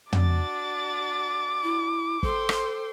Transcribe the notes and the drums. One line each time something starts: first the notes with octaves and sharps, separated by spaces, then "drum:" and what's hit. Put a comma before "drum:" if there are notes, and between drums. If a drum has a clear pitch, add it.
D4 F#4 D6 A6, drum: tom
E4
A4 C5 G5 C6, drum: kick
drum: rim click